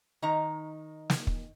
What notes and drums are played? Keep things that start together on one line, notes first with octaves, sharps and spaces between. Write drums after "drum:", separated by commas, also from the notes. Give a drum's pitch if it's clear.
D#3 D#4 A#5
drum: snare
drum: kick